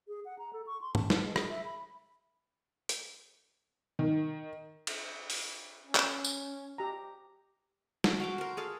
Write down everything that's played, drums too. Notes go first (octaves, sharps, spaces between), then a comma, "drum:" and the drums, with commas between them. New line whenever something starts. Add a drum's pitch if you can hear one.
G#4
F#5
A#5
A4
C#6
C6
A5, drum: tom
B4, drum: snare
G#3
G#4, drum: rim click
E5
B5
drum: hi-hat
D#3
drum: cymbal
drum: open hi-hat
C#4
drum: clap
drum: tambourine
G4 A#5
F#4 A4, drum: snare
F#4 F5 G5 D6
A#4 C5
G#4 A4 F5